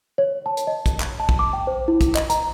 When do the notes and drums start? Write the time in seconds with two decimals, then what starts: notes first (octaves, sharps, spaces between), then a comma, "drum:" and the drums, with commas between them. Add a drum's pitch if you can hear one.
0.18 C#5
0.46 A5
0.57 drum: hi-hat
0.67 D#5
0.86 drum: kick, hi-hat
1.00 drum: clap
1.20 A5
1.29 drum: kick
1.39 D6
1.53 G5
1.67 C5
1.88 E4
2.01 drum: kick, hi-hat
2.15 D#5, drum: clap
2.30 A#5, drum: hi-hat